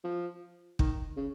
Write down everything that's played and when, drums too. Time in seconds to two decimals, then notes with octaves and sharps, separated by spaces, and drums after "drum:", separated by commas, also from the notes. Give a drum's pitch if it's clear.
0.04 F3
0.79 D#3, drum: kick
1.17 C#3